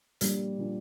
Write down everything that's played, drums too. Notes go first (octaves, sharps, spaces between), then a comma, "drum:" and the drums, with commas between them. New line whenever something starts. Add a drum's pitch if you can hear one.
A#2 F3 G3 A#3 D4 F4, drum: hi-hat
A#2 F3 A#3 D4 F4